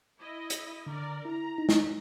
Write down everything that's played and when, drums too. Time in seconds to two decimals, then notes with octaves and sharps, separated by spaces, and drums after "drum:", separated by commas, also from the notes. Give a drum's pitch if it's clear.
0.19 E4 D#5
0.50 drum: hi-hat
0.87 D3 A#4 D5
1.25 E4 A#5
1.58 D#4
1.69 drum: snare